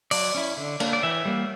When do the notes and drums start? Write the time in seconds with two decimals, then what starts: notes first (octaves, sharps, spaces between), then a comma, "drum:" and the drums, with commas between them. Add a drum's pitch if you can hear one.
0.11 F#3 D5, drum: open hi-hat
0.35 C#4 E4
0.57 D3
0.80 A#3 D4, drum: cymbal
0.93 D5
1.03 E3 E5
1.25 G3 A#3